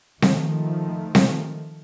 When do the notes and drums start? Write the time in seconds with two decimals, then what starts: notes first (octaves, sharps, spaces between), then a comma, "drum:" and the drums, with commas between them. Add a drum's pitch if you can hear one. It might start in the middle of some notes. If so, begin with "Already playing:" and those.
0.22 D#3 F3 A3, drum: snare C4
1.15 drum: snare C4